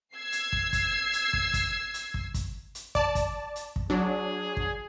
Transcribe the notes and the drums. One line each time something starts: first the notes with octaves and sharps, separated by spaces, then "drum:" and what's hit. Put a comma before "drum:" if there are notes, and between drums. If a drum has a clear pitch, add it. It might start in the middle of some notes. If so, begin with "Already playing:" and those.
E6 G#6 C7
drum: hi-hat
drum: kick
drum: kick, hi-hat
drum: hi-hat
drum: kick
drum: kick, hi-hat
drum: hi-hat
drum: kick
drum: kick, hi-hat
drum: hi-hat
D5 A5, drum: kick
drum: kick, hi-hat
drum: hi-hat
drum: kick
F#3 D4 G#4
drum: kick